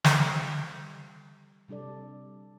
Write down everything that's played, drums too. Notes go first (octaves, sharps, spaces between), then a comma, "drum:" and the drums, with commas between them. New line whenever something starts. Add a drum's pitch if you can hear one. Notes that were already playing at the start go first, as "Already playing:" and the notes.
A4, drum: snare
G3
C3 G3 D4 A4 D5